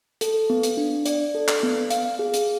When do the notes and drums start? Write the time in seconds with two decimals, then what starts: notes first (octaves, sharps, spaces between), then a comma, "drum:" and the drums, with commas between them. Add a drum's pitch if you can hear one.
0.21 A4, drum: hi-hat
0.50 B3
0.63 drum: hi-hat
0.77 D4
1.06 D5, drum: hi-hat
1.35 A4
1.49 drum: clap
1.63 B3
1.90 F5, drum: hi-hat
2.19 G#4
2.34 drum: hi-hat